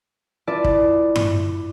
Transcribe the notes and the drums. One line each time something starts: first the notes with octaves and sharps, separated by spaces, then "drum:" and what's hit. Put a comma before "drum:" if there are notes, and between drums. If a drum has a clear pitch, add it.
E4 F4 B4 D5 E5 A5
drum: kick
drum: tom G2